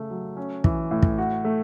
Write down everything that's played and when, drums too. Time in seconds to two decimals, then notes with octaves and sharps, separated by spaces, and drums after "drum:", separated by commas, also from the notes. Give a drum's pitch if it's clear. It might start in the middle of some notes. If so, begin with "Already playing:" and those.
Already playing: C#3 A3
0.10 F#3
0.37 C#4
0.64 E3, drum: kick
0.91 A2
1.02 drum: kick
1.18 F#4
1.45 A3